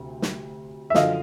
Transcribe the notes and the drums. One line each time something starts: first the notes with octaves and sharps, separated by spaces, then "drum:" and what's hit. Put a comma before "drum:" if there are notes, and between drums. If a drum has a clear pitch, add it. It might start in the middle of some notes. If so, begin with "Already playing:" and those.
Already playing: D2 C3
drum: snare
E5
F#2 D3 F3 D#5 F5, drum: snare